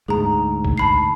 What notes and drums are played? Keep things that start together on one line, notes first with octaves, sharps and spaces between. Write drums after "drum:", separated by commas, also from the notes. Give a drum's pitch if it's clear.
D2 G#2 G#4 A#5
drum: kick A#1
A5 B5 C7